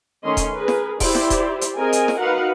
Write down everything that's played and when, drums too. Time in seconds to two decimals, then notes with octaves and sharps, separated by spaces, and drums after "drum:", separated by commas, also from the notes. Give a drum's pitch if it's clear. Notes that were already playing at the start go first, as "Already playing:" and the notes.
0.24 D#3 A3 C#4 D#5 C6
0.37 drum: kick D#1, hi-hat
0.54 G#4 A#4 B4
0.68 drum: snare
1.00 E4 G4 C5 D5, drum: kick D#1, open hi-hat
1.15 drum: snare
1.30 drum: kick D#1, hi-hat
1.61 drum: hi-hat
1.77 C4 G#4 A#4 D#5 G#5
1.93 drum: hi-hat
2.08 drum: snare
2.19 D#4 F#4 A#4 B4 F5 F#5